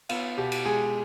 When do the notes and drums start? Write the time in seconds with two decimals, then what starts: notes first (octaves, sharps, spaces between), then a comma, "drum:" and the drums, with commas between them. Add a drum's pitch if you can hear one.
0.09 B3 F4, drum: cymbal
0.38 B2 G4
0.52 drum: cymbal
0.65 G#3 G#4